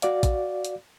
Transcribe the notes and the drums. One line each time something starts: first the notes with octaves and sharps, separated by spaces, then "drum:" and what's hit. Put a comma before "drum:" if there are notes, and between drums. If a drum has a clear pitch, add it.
F#4 D5 F5, drum: hi-hat
drum: kick, hi-hat
drum: hi-hat